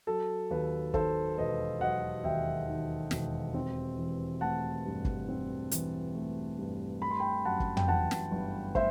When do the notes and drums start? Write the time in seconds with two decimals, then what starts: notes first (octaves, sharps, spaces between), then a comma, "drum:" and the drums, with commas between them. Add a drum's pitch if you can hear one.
0.07 F#3 A4
0.50 D#2 B4
0.94 D#3 A4 C5, drum: kick
1.38 E1 B4 D#5
1.81 F#3 D#5 F#5
2.24 D#2 E5 G5
2.67 D#3
3.11 E1, drum: snare
3.54 C4
3.98 E3
4.41 A3 F#5 A5
4.85 G2
5.05 drum: kick
5.28 C4
5.71 E3, drum: hi-hat
6.15 A3
6.58 G2
7.02 A3 B5
7.11 C6
7.20 G5 B5
7.45 F#2 F#5 A5
7.60 drum: kick
7.77 G5, drum: tom
7.88 E3 F#5 A5
8.11 drum: snare
8.31 G1
8.75 A3 C5 E5, drum: kick